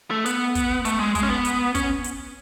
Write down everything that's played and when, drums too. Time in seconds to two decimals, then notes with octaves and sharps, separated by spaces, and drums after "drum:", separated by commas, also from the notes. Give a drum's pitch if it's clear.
0.11 A3
0.26 B3, drum: hi-hat
0.55 drum: kick, hi-hat
0.85 A3, drum: hi-hat
1.00 G#3
1.15 G#3, drum: kick, hi-hat
1.23 C#4
1.30 B3
1.45 drum: hi-hat
1.75 C#4, drum: kick, hi-hat
2.04 drum: hi-hat